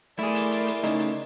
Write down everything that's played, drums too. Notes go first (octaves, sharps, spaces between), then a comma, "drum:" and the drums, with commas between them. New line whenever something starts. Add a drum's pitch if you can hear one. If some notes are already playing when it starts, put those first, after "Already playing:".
A3 E4 G#4 A#4 D5 C6
drum: hi-hat
drum: hi-hat
drum: hi-hat
C#3 A3 D#4, drum: hi-hat
drum: hi-hat